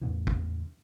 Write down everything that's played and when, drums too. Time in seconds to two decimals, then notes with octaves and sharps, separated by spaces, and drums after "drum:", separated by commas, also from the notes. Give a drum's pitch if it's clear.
0.01 E2 A2 C#3 E3
0.27 drum: kick